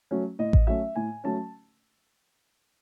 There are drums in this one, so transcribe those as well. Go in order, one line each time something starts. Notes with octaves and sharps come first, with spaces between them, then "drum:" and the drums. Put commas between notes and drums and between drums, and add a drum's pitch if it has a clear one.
F#3 A3 C#4
A2 D#5
drum: kick A1
F#3 A3 C#4 E5
A2 G#5
F#3 A3 C#4 A5